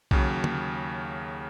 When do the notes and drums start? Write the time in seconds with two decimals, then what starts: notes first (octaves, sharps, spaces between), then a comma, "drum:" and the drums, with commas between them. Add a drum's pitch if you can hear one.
0.11 D#2 C#3 F#3, drum: kick B1
0.44 drum: tom